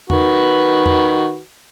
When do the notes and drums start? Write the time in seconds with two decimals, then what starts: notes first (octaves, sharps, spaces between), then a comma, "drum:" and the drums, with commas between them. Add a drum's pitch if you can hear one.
0.10 D#3 F#4 B4, drum: tom E2
0.86 drum: tom E2